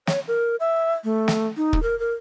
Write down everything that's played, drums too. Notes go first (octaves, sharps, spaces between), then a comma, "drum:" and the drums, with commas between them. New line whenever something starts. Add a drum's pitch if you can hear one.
C#5, drum: snare
A#4
E5
A3
drum: snare
D#4
drum: kick
A#4
A#4